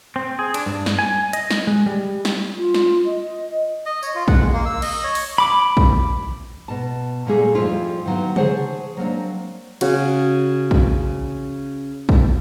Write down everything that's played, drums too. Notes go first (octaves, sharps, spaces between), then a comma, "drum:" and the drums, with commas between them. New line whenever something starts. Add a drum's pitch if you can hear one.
C4
G#4
D4, drum: cymbal
G2
drum: snare
G#5
D#5, drum: hi-hat
drum: snare
G#3
G3
drum: snare
F4
drum: snare
D#5
D#5
C#5, drum: tambourine
F4
F#5, drum: kick
G#3
A#3
E6
D#5, drum: cymbal
C#5
drum: open hi-hat
B5 D6
drum: kick
B2 A5
A#2 F#3 G3 A3 A#3 G#4
F2 F3 G3 E4 F4
D#3 F#3 B3
G#4 C5 C#5 F#5 A5, drum: tom
F#3 A#3 C4 D4
C#3 F#4, drum: cymbal
drum: kick
drum: kick